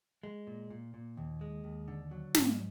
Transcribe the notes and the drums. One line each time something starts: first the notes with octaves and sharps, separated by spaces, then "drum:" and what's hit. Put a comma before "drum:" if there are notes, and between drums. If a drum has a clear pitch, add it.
G#3
A#2
A#2
A#2
D#2
G#3
D#2
D3
F#3
G#2, drum: snare